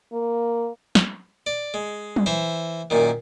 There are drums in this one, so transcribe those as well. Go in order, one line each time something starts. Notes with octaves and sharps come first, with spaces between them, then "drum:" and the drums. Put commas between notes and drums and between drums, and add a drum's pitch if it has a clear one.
A#3
drum: snare
D5
G#3
drum: tom F#3
E3 C5 E5
F#2 A#2 D#3